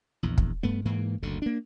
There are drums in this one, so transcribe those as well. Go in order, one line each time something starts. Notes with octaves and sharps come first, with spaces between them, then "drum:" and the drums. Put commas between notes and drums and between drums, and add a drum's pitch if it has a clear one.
A#1 E2
drum: kick
G2 A3 B3
G#2 E3 A#3
F#1 D2 D3
A#3 D4